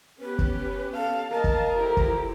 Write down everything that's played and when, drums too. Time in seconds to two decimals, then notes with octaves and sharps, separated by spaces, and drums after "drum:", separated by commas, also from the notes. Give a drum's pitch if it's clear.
0.21 B3 C#4 G4 B4
0.39 drum: kick
0.93 A4 F5 A5
1.32 A#3 A#4 D#5 F5 A5 A#5
1.44 drum: kick
1.76 F3 E4 G4 A4
1.97 drum: kick